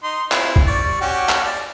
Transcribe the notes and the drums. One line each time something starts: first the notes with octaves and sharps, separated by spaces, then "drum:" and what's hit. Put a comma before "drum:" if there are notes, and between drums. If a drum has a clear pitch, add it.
D#4 C6
C4 E4 F4, drum: clap
drum: kick
G3 D5 C#6
C#4 F#4 G4
drum: clap
D5